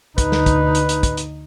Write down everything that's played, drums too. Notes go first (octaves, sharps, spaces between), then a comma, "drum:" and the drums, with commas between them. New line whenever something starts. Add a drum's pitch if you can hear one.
D2 D#4 B4, drum: kick, hi-hat
drum: snare
drum: kick, hi-hat
drum: hi-hat
drum: hi-hat
drum: kick, hi-hat
drum: hi-hat